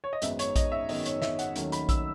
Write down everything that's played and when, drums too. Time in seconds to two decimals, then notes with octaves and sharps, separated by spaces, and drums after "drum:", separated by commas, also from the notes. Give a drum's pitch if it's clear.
0.04 C#5
0.13 D#5
0.22 G#1 F#2 D#3 G#3 B3 E5, drum: hi-hat
0.39 C#5, drum: hi-hat
0.56 D#5, drum: kick A#1, hi-hat
0.72 E5
0.89 G#1 F#2 D#3 G#3 B3 D#5, drum: open hi-hat
1.06 C#5, drum: hi-hat
1.22 E5, drum: snare
1.39 F#5, drum: hi-hat
1.56 D#2 D#3 F#3 A3 C#4, drum: hi-hat
1.72 B5, drum: hi-hat
1.89 E6, drum: kick A#1, hi-hat